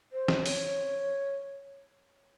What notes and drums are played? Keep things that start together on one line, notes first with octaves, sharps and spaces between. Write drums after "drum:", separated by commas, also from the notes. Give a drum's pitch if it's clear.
C5
drum: snare
C#5, drum: open hi-hat